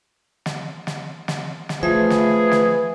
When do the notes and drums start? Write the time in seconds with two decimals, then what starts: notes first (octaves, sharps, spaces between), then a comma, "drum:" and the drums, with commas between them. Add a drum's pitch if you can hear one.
0.46 drum: snare
0.87 drum: snare
1.28 drum: snare
1.69 drum: snare
1.83 F3 A3 G#4 B4 E5
2.10 drum: snare
2.51 drum: snare